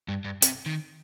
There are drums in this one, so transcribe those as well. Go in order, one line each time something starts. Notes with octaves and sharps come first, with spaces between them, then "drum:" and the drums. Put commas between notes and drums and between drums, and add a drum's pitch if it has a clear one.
G2
G2
C3, drum: hi-hat
D#3